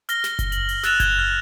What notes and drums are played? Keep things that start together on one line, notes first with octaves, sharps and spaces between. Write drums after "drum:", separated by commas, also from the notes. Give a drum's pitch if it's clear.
F6 A#6 G7, drum: hi-hat
drum: snare
drum: kick F#1, hi-hat
F#7, drum: hi-hat
drum: open hi-hat
E6 F#6 A6 E7 F7, drum: snare
G#6 F7 G7, drum: kick F#1, hi-hat
F6